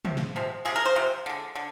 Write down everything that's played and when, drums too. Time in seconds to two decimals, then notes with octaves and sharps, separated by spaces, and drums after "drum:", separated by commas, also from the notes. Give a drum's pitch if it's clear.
0.05 C3 F3, drum: tom
0.17 drum: snare
0.36 C3 F3 G#3
0.65 C3 F3 G#3 G#4
0.76 A#4
0.85 C5
0.96 C3 F3
1.26 D3 G#3
1.55 D3